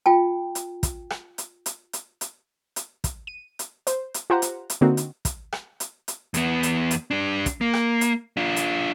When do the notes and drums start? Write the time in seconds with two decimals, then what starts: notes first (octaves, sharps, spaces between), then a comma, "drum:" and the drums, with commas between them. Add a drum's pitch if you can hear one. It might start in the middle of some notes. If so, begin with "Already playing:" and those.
0.06 F4 G5 A5
0.55 drum: hi-hat
0.83 drum: kick, hi-hat
1.10 drum: rim click
1.38 drum: hi-hat
1.66 drum: hi-hat
1.93 drum: hi-hat
2.21 drum: hi-hat
2.76 drum: hi-hat
3.04 drum: kick, hi-hat
3.27 D#7
3.59 drum: hi-hat
3.87 C5, drum: hi-hat
4.14 drum: hi-hat
4.30 F4 G4 C5 F#5 A#5
4.42 drum: hi-hat
4.70 drum: hi-hat
4.81 D3 A#3 C4 D#4 F#4
4.97 drum: hi-hat
5.25 drum: kick, hi-hat
5.52 drum: rim click
5.80 drum: hi-hat
6.08 drum: hi-hat
6.34 E2 B3, drum: hi-hat
6.63 drum: hi-hat
6.91 drum: hi-hat
7.11 D4 G4
7.46 drum: kick, hi-hat
7.61 A#3
7.74 drum: rim click
8.01 drum: hi-hat
8.37 D4 F4
8.56 drum: hi-hat